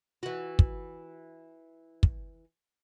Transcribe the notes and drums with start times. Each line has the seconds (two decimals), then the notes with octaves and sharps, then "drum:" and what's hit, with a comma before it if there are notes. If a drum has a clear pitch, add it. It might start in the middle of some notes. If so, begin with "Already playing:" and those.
0.23 E3 F#4
0.59 drum: kick
2.03 drum: kick